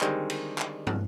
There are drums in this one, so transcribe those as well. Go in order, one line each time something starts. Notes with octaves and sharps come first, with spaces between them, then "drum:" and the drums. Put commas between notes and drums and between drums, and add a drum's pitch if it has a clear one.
D3 D#3 G3 G#3 C4, drum: clap
drum: cymbal
drum: clap
drum: tom